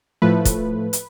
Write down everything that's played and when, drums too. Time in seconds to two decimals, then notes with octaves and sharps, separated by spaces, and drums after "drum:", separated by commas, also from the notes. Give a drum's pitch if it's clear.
0.22 A2 F3 A3 B4
0.45 drum: kick, hi-hat
0.93 drum: hi-hat